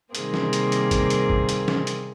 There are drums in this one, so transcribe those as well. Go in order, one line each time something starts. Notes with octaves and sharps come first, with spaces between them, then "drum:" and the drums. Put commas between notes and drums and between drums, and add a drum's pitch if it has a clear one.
C3 D#3 G3 A#3 C4 G#4, drum: hi-hat
drum: snare
drum: hi-hat
drum: hi-hat
drum: kick, hi-hat
drum: hi-hat
drum: kick
drum: hi-hat
drum: snare
drum: hi-hat